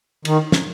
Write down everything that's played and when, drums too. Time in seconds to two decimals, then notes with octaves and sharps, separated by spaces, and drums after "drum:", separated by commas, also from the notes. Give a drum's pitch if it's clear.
0.25 D#3, drum: cymbal
0.52 drum: snare